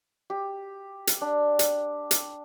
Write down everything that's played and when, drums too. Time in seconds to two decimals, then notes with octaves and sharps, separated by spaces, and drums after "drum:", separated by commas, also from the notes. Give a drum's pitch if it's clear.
0.30 G4
1.07 drum: hi-hat
1.21 D4
1.59 drum: hi-hat
2.11 drum: hi-hat